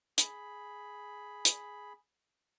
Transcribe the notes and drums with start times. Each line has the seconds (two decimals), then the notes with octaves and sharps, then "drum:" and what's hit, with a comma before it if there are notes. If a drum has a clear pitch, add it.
0.18 G#4 B5, drum: hi-hat
1.45 drum: hi-hat